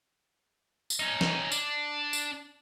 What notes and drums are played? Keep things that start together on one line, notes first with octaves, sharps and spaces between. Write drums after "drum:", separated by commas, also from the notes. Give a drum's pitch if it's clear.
drum: tambourine
C#4 D#4
drum: snare
D4, drum: tambourine
drum: tambourine